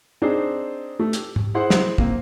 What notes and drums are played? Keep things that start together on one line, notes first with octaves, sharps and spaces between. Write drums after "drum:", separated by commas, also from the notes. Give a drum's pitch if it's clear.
C4 D4 D#4 G#4 C5
A3
G4, drum: hi-hat
drum: tom
E4 G#4 C5 F#5 C6
drum: snare
A#3 C4, drum: kick